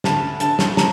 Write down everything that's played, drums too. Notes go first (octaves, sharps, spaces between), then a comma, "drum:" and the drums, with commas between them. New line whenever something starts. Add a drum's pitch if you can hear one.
D2 A5, drum: snare
D3 A5, drum: hi-hat
drum: snare
A#5, drum: snare